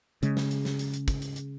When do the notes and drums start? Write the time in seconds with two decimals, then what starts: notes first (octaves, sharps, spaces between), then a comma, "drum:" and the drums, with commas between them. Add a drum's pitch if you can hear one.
0.23 C#3 G#3, drum: hi-hat
0.37 drum: snare
0.51 drum: hi-hat
0.65 drum: snare
0.79 drum: hi-hat
0.94 drum: hi-hat
1.08 drum: kick, hi-hat
1.22 drum: hi-hat
1.36 drum: hi-hat